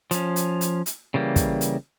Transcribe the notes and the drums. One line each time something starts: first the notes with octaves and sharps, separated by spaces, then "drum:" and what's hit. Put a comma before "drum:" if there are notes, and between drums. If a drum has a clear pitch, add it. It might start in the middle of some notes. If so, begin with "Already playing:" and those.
F3 C#4, drum: hi-hat
drum: hi-hat
drum: hi-hat
drum: hi-hat
C#3 E3 G3 A#3
drum: kick, hi-hat
drum: hi-hat